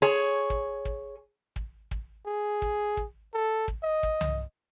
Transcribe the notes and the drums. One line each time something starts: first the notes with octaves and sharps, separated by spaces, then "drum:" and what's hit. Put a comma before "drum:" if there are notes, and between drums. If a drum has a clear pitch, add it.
G#4 C#5
drum: kick
drum: kick
drum: kick
drum: kick
G#4
drum: kick
drum: kick
A4
drum: kick
D#5
drum: kick
drum: tom C2